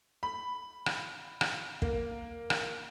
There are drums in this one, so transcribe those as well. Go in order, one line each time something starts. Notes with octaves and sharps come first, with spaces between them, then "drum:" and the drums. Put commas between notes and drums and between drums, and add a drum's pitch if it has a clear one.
B5
drum: rim click
drum: rim click
A#3, drum: kick
drum: rim click